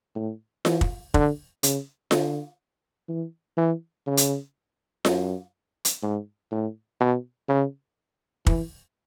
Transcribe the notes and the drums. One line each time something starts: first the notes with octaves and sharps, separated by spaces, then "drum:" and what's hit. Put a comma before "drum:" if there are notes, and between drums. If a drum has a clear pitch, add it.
A2
E3, drum: snare F4
drum: kick
D3, drum: kick
C#3, drum: hi-hat
D3, drum: snare F4
E3
E3
C#3
drum: hi-hat
F#2, drum: snare F4
drum: hi-hat
G#2
A2
B2
C#3
E3, drum: kick